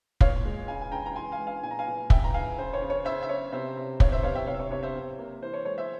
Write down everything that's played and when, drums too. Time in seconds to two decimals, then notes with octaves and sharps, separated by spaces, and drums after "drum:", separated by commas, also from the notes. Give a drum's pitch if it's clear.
0.21 A#2 C#5 F5, drum: kick
0.45 G#3
0.68 C#3 F5 G#5
0.81 G#5
0.92 C#3 G5 A#5
1.06 A#5
1.15 E3 G#5 C6
1.32 F5 G#5
1.39 G#3
1.47 F5 G#5
1.63 A#2 G#5
1.71 A#5
1.79 F5 G#5
1.87 A#2
2.10 C#3 E5 G5, drum: kick
2.24 A#5
2.34 C#3 F5 G#5
2.58 C#3 C5
2.73 C#5
2.82 C#3
2.90 C#5
3.05 C#3 C5 E5
3.23 E5
3.29 C#3 C#5
3.53 C3 C5 E5
3.77 C3
4.00 C3 C#5 F5, drum: kick
4.12 C5 E5
4.23 C3 C#5 F5
4.35 E5 G5
4.47 C3 C#5 F5
4.55 E5
4.59 C#5
4.71 C3 C#5
4.83 C5 E5
4.95 C3
5.19 A#3
5.42 E3 C5
5.53 C#5
5.65 G#3 C#5
5.78 C5 E5